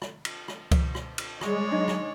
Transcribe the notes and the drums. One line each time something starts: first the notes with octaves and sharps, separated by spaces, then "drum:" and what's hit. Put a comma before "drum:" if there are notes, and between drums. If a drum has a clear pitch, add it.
drum: rim click
drum: cymbal
drum: rim click
drum: kick C#2, cymbal
drum: rim click
drum: cymbal
G3 G#3 C#5 D5, drum: rim click
F#3 D4 D#4 D#5
drum: rim click